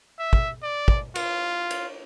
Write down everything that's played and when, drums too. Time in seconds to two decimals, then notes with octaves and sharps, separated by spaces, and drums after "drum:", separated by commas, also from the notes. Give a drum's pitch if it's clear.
0.19 E5
0.33 drum: kick
0.63 D5
0.88 drum: kick
1.15 F4, drum: cymbal
1.71 drum: cymbal